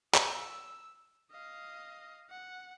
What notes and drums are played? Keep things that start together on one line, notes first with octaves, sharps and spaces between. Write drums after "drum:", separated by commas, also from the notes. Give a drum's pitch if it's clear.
E6, drum: clap
D#5 F5
F#5